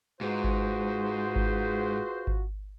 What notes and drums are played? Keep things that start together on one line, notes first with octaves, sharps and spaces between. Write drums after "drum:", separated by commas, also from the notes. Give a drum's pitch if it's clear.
G#2 F4 F#4 G#4 B4 C5
drum: kick G#1
drum: kick G#1
drum: kick G#1